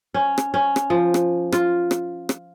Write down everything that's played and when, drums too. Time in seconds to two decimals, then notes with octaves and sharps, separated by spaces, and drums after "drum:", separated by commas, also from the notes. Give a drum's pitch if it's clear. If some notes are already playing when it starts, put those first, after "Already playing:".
0.14 C#4
0.38 drum: rim click
0.54 C#4
0.76 drum: rim click
0.90 F3
1.14 drum: rim click
1.52 F4, drum: rim click
1.91 drum: rim click
2.29 drum: rim click